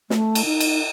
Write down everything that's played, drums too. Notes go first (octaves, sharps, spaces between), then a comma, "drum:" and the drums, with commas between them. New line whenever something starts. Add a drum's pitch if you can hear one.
A3, drum: snare
drum: cymbal
D#4
drum: cymbal